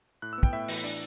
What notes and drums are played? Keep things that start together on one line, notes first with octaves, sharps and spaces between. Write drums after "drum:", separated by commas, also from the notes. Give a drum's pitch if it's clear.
A2 F#6
E6
B3
G5, drum: kick
A2 E5
E3, drum: open hi-hat
D4 D5